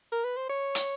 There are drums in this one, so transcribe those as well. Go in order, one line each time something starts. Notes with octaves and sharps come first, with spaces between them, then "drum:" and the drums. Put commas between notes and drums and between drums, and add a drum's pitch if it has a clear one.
A#4
B4
C5
C#5
drum: hi-hat